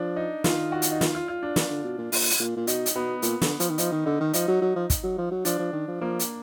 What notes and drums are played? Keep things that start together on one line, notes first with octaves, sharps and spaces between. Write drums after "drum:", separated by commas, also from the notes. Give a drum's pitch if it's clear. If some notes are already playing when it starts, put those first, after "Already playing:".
Already playing: F3 D4
D#4
D#3 F4, drum: snare
F#4
drum: hi-hat
D#4
F4, drum: snare
F4
F4
D4
drum: snare
D3
B2
A#2
A#2, drum: open hi-hat
drum: hi-hat
A#2
A#2
B2 D#4, drum: hi-hat
drum: hi-hat
B2 B3
A#2, drum: hi-hat
D3, drum: snare
F3, drum: hi-hat
D#3
F3 D#4, drum: hi-hat
D#3
D3 D#4
D#3
F3 D#4, drum: hi-hat
F#3
F#3
F3
drum: kick, hi-hat
F#3
F3
F#3
F3 D4, drum: hi-hat
F3
D#3
F3
F3 A#3
drum: hi-hat